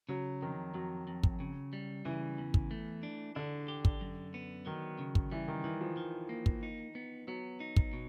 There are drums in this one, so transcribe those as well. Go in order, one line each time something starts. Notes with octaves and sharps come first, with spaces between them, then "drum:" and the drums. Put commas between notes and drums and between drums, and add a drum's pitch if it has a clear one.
C#3 F#3
F2 D#3
F2 F#3
F2
drum: kick
C#3
G3
C#3 E3
E2
drum: kick
A3
D4
D3 D4
G4
drum: kick
F#2
B3
D#3 F#3
C#3
drum: kick
E3 G3
D#3
D#3 E3
F3
D#3
A#3
drum: kick
D#4
B3
F#3 B3
D#4
drum: kick
B2